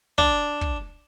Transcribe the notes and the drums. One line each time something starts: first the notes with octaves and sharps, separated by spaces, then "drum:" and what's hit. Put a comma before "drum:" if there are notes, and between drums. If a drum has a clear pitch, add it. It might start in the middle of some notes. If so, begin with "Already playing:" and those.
D4, drum: kick
drum: kick